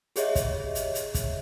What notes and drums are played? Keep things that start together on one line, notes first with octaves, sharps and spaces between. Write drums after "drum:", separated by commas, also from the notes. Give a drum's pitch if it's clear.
G4 G#4 C#5 D#5 E5, drum: hi-hat
drum: kick, hi-hat
drum: hi-hat
drum: hi-hat
drum: kick, hi-hat